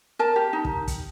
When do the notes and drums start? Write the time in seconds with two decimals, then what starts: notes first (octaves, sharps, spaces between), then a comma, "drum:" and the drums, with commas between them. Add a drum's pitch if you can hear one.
0.19 A#4 A5
0.36 G4
0.53 D#4
0.65 drum: kick
0.88 drum: kick, hi-hat